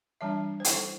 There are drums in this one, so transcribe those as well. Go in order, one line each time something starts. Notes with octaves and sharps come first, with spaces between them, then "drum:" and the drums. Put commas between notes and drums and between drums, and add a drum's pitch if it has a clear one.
E3 G3 D4 E5 A5
C5
E4 A4, drum: hi-hat